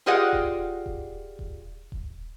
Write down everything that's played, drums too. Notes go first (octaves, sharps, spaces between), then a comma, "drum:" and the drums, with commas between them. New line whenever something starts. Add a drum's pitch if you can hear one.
F4 G4 G#4 D5 D#5 F#5
drum: kick D#1
drum: kick D#1
drum: kick D#1
drum: kick D#1